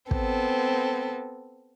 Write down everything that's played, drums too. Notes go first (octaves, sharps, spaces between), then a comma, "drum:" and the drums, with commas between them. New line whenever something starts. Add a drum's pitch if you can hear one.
B3 C4 A4, drum: kick